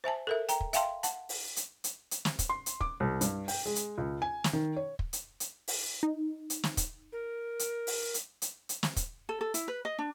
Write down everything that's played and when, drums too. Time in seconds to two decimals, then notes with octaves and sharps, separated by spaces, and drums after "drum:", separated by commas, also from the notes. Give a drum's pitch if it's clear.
0.04 C5 E5 G#5 A5
0.27 A4 A#4 E5
0.49 G5 A#5, drum: hi-hat
0.61 drum: kick
0.73 E5 F5 G5 A5 C6, drum: hi-hat
1.03 F#5 A5, drum: hi-hat
1.29 drum: open hi-hat
1.56 drum: hi-hat
1.84 drum: hi-hat
2.11 drum: hi-hat
2.25 drum: snare
2.39 drum: kick, hi-hat
2.49 C6
2.66 drum: hi-hat
2.81 D6, drum: kick
3.00 C2
3.21 G2, drum: hi-hat
3.48 G5, drum: open hi-hat
3.66 G#3
3.76 drum: hi-hat
3.98 C#2
4.22 G#5
4.44 drum: snare
4.53 D#3
4.76 C#5
4.99 drum: kick
5.13 drum: hi-hat
5.40 drum: hi-hat
5.68 drum: open hi-hat
6.03 D#4
6.50 drum: hi-hat
6.63 drum: snare
6.77 drum: kick, hi-hat
7.12 A#4
7.59 drum: hi-hat
7.87 drum: open hi-hat
8.14 drum: hi-hat
8.42 drum: hi-hat
8.69 drum: hi-hat
8.83 drum: snare
8.96 drum: kick, hi-hat
9.29 A4
9.41 A4
9.54 E4, drum: hi-hat
9.68 B4
9.85 D#5
9.99 D4